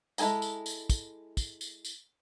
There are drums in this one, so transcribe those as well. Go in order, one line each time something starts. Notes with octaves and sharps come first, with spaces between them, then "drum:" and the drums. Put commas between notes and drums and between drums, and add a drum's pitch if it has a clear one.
G#3 E4 A4 G#5 A#5, drum: tambourine
drum: tambourine
drum: tambourine
drum: kick, tambourine
drum: kick, tambourine
drum: tambourine
drum: tambourine